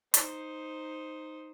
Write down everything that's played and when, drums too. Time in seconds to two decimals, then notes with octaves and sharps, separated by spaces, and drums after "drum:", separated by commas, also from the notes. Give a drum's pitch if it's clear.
0.14 D#4 C5, drum: hi-hat